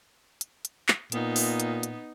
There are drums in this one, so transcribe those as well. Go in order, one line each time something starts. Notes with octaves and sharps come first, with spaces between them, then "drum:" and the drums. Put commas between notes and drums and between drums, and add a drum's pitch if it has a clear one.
drum: hi-hat
drum: hi-hat
drum: clap
A#2 B3 D#4, drum: hi-hat
drum: open hi-hat
drum: hi-hat
drum: hi-hat